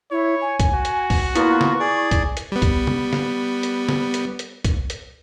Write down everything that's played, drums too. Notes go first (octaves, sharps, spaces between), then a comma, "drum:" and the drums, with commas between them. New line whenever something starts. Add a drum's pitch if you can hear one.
E4 C#5
G#5
drum: kick, hi-hat
F#4
drum: hi-hat
drum: kick, open hi-hat
A#3 B3 E4 F4 C#6, drum: hi-hat
drum: snare
G#4 D5
drum: kick, hi-hat
drum: hi-hat
G3 B3
drum: kick, hi-hat
drum: tom
drum: snare
drum: hi-hat
drum: snare
drum: hi-hat
drum: hi-hat
drum: kick, hi-hat
drum: hi-hat